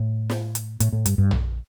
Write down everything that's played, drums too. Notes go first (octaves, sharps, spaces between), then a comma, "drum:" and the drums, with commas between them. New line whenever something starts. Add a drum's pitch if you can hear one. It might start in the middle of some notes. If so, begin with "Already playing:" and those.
Already playing: A2
drum: snare
drum: hi-hat
A2, drum: hi-hat
A2
G2, drum: hi-hat
G2
drum: tom